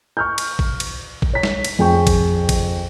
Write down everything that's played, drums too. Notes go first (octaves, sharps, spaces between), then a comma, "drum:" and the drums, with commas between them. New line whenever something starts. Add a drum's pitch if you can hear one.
C#6 F6 G6
drum: cymbal
drum: kick G#1
drum: cymbal
drum: kick G#1
C#5 B6
drum: snare
drum: cymbal
F2 G#4 G5 C#6
drum: kick G#1, cymbal
drum: kick G#1, cymbal